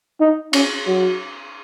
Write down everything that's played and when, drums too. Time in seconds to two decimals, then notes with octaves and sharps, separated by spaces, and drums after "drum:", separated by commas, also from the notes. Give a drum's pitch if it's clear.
0.20 D#4
0.53 C#4, drum: cymbal
0.87 F#3